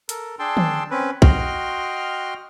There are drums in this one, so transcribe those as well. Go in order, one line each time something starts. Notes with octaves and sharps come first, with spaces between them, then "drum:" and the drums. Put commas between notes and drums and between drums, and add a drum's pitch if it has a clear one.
A4 A#4, drum: hi-hat
D4 G#4 G5 A5 C6 E6
drum: tom
C4 C#4 B4
F#4 D#5 G5 C6 F6, drum: kick